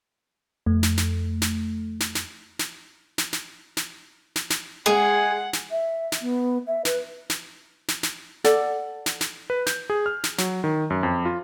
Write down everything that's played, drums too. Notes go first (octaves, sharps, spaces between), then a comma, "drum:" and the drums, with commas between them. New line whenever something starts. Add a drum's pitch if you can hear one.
F2 A3
drum: snare
drum: snare
drum: snare
drum: snare
drum: snare
drum: snare
drum: snare
drum: snare
drum: snare
drum: snare
drum: snare
G#3 G#4 F#5
drum: snare
E5
drum: snare
B3
E5
B4, drum: snare
drum: snare
drum: snare
drum: snare
A4 D5 F#5, drum: snare
drum: snare
drum: snare
B4
G6, drum: snare
G#4
F6
drum: snare
F#3, drum: snare
D#3
F#2
F2
F4